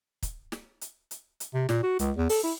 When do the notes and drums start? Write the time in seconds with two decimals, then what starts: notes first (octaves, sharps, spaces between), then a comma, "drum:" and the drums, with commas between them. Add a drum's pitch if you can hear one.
0.23 drum: kick, hi-hat
0.52 drum: snare
0.81 drum: hi-hat
1.11 drum: hi-hat
1.40 drum: hi-hat
1.54 C3
1.69 A#2, drum: snare
1.83 F#4
1.99 C#2, drum: hi-hat
2.17 E2
2.29 A4, drum: open hi-hat
2.43 E4